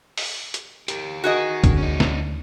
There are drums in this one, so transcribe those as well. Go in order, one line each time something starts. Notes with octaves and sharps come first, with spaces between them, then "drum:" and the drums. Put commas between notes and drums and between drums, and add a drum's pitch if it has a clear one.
drum: open hi-hat
drum: hi-hat
G4 A#4, drum: hi-hat
D#4 F#4 G#4 A#4 D#5
D2 D4, drum: kick, hi-hat
C#4 D#4
drum: snare